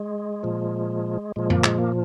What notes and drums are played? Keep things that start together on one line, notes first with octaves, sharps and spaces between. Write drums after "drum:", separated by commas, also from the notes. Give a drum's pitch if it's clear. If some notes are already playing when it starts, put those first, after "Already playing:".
Already playing: G#3
A#2 F3
A#2 F3 G#3
A#3, drum: tom F#2
G#3, drum: clap
A#3